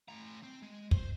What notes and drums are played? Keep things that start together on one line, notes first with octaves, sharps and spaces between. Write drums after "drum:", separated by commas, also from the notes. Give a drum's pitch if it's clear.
A2 A#5
C4
G#3
C5, drum: kick